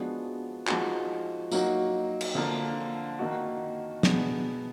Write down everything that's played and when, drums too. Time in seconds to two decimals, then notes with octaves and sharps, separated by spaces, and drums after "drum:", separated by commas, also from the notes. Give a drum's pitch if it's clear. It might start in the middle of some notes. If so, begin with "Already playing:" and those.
Already playing: F3 G#3 B3 D4 F#4
0.67 F3 G#3 D#4 F#4, drum: clap
1.51 F#3 A#3 D#4 F#4, drum: tambourine
2.21 drum: cymbal
2.35 D3 F3 A#3 F4
3.19 D#3 A#3 D#4 F#4
4.03 B2 G#3 B3 D4, drum: snare